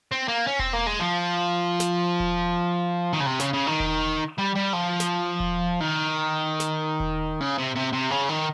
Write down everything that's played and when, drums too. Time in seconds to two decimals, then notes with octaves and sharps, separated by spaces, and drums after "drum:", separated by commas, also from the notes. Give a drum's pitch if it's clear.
0.12 C4
0.28 A#3
0.47 C#4
0.59 C4, drum: kick E1
0.73 A#3
0.87 G#3
1.00 F3
1.80 drum: snare
2.20 drum: kick E1
3.13 D#3
3.20 C#3
3.26 C3
3.40 C#3, drum: snare
3.53 C#3
3.67 D#3
3.80 drum: kick E1
4.38 G3
4.55 G3
4.73 F3
5.00 drum: snare
5.40 drum: kick E1
5.80 D#3
6.60 drum: snare
7.00 drum: kick E1
7.40 C#3
7.58 C3
7.76 C3
7.93 C3
8.10 C#3
8.29 D#3